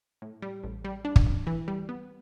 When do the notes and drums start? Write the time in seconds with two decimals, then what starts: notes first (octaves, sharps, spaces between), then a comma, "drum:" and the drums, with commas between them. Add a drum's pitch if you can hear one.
0.22 A2
0.42 G3
0.64 A1
0.85 G3
1.05 D4
1.16 drum: kick
1.27 A1
1.47 E3
1.68 G3
1.89 B3